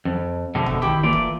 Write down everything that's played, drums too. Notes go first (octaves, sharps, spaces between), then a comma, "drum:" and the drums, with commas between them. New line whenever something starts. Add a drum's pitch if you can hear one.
F2
F2 B2 D3 G#3 A3
drum: kick E1
D#3 E3 E4 G4, drum: tom
E3 A3 A#3 F4 D5
drum: kick E1